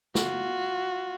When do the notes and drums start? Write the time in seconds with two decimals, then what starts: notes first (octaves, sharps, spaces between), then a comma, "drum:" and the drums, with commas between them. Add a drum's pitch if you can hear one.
0.15 F4 F#4, drum: snare